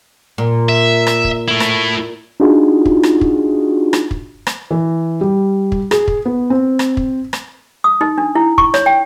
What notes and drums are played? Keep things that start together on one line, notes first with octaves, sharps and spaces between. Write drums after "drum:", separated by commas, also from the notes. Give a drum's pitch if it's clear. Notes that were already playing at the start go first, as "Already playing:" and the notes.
A#2
E5
drum: rim click
drum: kick
A3 E4
drum: rim click
D4 D#4 F4 F#4 G#4
drum: kick
drum: rim click
drum: kick
drum: rim click
drum: kick
drum: rim click
E3
G3
drum: kick
G#4, drum: rim click
drum: kick
B3
C4
drum: rim click
drum: kick
drum: rim click
D#6
D#4
D4
E4
C#6, drum: kick
C#5, drum: rim click
G5